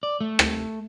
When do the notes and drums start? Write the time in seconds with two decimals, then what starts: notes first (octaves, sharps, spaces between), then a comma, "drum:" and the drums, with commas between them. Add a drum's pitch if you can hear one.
0.03 D5
0.21 A3
0.39 drum: rim click